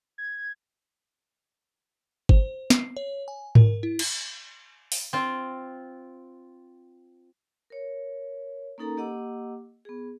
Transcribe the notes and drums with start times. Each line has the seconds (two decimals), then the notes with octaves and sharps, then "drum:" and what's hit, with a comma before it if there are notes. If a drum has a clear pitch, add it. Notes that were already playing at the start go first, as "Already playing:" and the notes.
0.18 G#6
2.29 C5, drum: kick G1
2.70 C7, drum: snare
2.97 C#5
3.28 G#5
3.55 A#4, drum: tom G#2
3.83 E4
3.99 drum: cymbal
4.92 drum: open hi-hat
5.13 C4 F4
7.70 A#4 C#5
8.78 A#3 C#4 D#4 A4 A#4 A#5
8.97 A#3 G4 D#5 F#5 D6 E6
9.85 B3 G#4